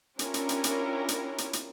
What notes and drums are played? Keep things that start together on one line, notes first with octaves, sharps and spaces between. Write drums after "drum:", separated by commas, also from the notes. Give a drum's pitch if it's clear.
C#4 D4 E4 F4 G4 A#4, drum: hi-hat
drum: hi-hat
drum: hi-hat
drum: hi-hat
drum: hi-hat
drum: hi-hat
drum: hi-hat